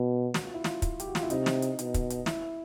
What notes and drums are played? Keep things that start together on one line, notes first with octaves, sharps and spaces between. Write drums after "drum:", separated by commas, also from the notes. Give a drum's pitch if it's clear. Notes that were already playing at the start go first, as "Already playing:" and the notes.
Already playing: B2
F#4, drum: snare
F4
E4
F4, drum: snare
drum: kick, hi-hat
G4, drum: hi-hat
F#4
F4, drum: snare
E4
C3 D#4, drum: hi-hat
drum: snare
drum: hi-hat
B2, drum: hi-hat
drum: kick, hi-hat
drum: hi-hat
E4, drum: snare